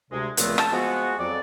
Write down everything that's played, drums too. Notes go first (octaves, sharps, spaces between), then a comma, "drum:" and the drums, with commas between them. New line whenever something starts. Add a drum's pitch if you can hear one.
D2 C3 G#3
C#2 A#2 F3 A3 B3 C4, drum: hi-hat
A5, drum: rim click
F3 G#3 B3 F#4
F2 F#3 D5